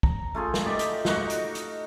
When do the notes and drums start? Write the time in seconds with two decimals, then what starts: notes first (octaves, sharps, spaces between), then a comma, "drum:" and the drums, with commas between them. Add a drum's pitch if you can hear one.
0.03 A#5, drum: kick
0.35 A3 F4 G#4 F5
0.54 drum: snare
0.65 D#4 G4 D5
0.79 drum: hi-hat
1.05 D#4 F#4 F5 F#5, drum: snare
1.30 drum: hi-hat
1.55 drum: hi-hat